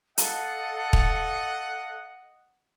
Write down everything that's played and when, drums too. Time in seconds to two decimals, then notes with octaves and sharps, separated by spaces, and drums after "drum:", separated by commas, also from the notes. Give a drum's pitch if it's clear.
0.18 A4 D#5 F5 F#5, drum: hi-hat
0.93 drum: kick